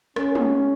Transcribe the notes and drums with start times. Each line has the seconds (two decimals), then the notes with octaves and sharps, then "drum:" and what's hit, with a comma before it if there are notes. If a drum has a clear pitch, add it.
0.16 G#3 C#4, drum: rim click
0.35 drum: tom